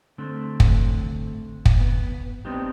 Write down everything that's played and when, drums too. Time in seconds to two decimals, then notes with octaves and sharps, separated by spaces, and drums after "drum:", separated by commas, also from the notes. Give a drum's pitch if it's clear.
0.18 D3 A3 C4
0.60 drum: kick
1.66 drum: kick
1.79 B3
2.45 B3 C4 D4 D#4 G4